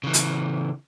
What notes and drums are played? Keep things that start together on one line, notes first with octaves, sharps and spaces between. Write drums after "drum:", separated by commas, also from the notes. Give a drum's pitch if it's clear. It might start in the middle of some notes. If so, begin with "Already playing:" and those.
C#3 E3
drum: hi-hat